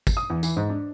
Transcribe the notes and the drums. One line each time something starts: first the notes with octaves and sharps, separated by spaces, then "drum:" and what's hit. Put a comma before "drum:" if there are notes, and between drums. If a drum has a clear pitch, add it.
drum: kick, tambourine
D#6
E2
E3, drum: tambourine
G#2
D4